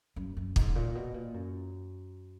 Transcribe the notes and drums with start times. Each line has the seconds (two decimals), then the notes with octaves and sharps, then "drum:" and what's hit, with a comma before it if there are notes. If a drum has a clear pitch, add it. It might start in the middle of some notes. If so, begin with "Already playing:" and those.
0.16 F#2
0.37 F#2
0.56 G#2, drum: kick
0.75 A#2
0.95 B2
1.14 A#2
1.34 F#2